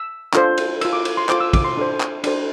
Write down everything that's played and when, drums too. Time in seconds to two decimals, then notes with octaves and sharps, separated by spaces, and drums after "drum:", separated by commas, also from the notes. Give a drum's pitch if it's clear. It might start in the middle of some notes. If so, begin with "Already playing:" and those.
Already playing: E6
0.33 D4 F4 A4 C5, drum: clap
0.58 drum: cymbal
0.81 F4 A#4 E6, drum: cymbal
0.93 D6
1.05 drum: cymbal
1.17 C6
1.29 F4 A4 C5 D6, drum: clap
1.41 E6
1.53 D6, drum: kick, cymbal
1.64 C6
1.77 D4 A4 C5
2.00 drum: clap
2.24 D4 A4 C5, drum: cymbal